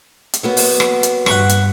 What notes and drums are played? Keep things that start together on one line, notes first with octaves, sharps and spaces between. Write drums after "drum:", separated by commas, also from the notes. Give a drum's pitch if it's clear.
drum: hi-hat
F#3 A#3 B3
drum: open hi-hat
drum: rim click
drum: hi-hat
G2 F#5 B5 C#6, drum: rim click
drum: hi-hat